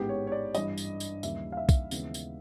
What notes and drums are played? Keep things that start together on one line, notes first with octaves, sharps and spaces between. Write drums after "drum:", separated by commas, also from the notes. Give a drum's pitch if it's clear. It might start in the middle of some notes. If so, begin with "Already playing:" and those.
Already playing: A1 G#2 E3 G#3 B3 G4
C#5
C#5
D5
G2 E3 G3 D#5, drum: tambourine
drum: tambourine
drum: tambourine
D#2 C#3 E3 G3 A#3 E5, drum: tambourine
F5
E5
drum: kick, tambourine
D#2 C#3 E3 G#3 B3, drum: tambourine
drum: tambourine